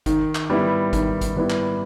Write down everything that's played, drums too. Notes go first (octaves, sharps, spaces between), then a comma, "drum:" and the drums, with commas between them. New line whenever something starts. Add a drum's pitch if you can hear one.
D#3, drum: kick G#1, hi-hat
drum: clap
G3 B3 E4
D#3, drum: kick G#1, hi-hat
drum: kick G#1, hi-hat
G3 B3 E4
drum: clap